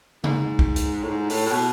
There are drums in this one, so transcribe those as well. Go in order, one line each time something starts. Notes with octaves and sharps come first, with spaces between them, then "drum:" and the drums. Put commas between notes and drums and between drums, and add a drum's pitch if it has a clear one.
G#2, drum: tom C#3
drum: kick
drum: hi-hat
A2
G#2
A2, drum: open hi-hat
A2
B2